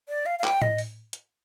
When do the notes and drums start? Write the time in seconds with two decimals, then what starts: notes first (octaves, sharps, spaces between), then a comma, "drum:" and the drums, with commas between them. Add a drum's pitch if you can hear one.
0.09 D5
0.26 F5
0.39 F5
0.44 G5, drum: clap
0.62 D#5, drum: tom A2
0.78 drum: open hi-hat
1.13 drum: hi-hat